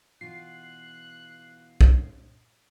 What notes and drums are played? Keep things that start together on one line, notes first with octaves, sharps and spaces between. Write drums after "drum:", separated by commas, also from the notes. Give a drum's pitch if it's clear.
B2 E3 F4 F#6 C7
drum: kick C2